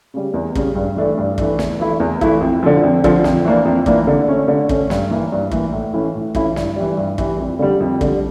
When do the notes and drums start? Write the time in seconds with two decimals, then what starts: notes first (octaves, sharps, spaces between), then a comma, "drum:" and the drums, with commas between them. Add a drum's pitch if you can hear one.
0.14 C#3 G3
0.34 E2
0.55 C#3 G3, drum: kick
0.75 G2
0.97 E3 A3 D4
1.17 G2
1.38 E3 A3 D4, drum: kick
1.59 E2, drum: snare
1.79 E3 A3 E4
2.00 E2
2.21 E3 A3 E4, drum: kick
2.41 F2
2.63 D3 F3
2.83 F2
3.04 D3 F3, drum: kick
3.24 F2, drum: snare
3.45 E3 A#3 D4
3.65 F2
3.86 E3 A#3 D4, drum: kick
4.07 D3
4.28 A3 C#4
4.48 D3
4.69 A3 C#4, drum: kick
4.90 G2, drum: snare
5.10 E3 A#3
5.32 G2
5.51 E3 A#3, drum: kick
5.72 A2
5.93 E3 A3 C#4 E4
6.14 A2
6.35 E3 A3 C#4 E4, drum: kick
6.56 G2, drum: snare
6.76 E3 G3
6.97 G2
7.18 E3 G3, drum: kick
7.38 F2
7.59 D3 G3
7.80 F2
8.01 D3 G3, drum: kick